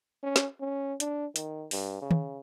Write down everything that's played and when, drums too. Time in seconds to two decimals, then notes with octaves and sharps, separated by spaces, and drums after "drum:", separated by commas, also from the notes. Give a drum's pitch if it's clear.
0.23 C#4
0.36 drum: snare
0.60 C#4
1.00 D4, drum: hi-hat
1.36 D#3, drum: hi-hat
1.71 G2, drum: open hi-hat
2.02 C#3
2.11 drum: tom